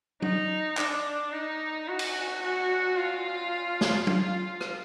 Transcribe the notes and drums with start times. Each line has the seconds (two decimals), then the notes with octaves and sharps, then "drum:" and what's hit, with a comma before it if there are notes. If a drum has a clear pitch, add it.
0.22 D#4, drum: tom
0.77 D4, drum: clap
1.33 D#4
1.88 F#4
1.99 drum: cymbal
2.42 F#4
2.97 F4
3.81 drum: snare
4.07 F4, drum: tom
4.61 drum: rim click